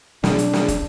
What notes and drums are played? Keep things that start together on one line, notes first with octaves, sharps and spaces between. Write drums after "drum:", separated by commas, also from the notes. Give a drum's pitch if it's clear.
B2 F3 F#3 D4, drum: snare
drum: hi-hat
drum: snare
drum: kick, hi-hat